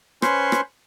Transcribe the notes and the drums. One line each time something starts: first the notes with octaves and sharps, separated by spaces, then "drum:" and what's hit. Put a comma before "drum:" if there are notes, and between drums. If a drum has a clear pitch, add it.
C#4 B4 C5 C6 C#6, drum: rim click
drum: rim click